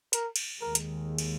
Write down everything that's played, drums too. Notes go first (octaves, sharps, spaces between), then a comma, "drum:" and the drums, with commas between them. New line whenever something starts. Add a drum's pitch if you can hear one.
A#4, drum: hi-hat
drum: cymbal
D#2 D#3 G#3 A#4
drum: hi-hat
drum: cymbal